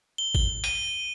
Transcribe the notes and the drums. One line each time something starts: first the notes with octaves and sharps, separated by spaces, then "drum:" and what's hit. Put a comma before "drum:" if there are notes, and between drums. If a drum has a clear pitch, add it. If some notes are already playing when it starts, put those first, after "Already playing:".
G7
G7, drum: kick
D#7, drum: hi-hat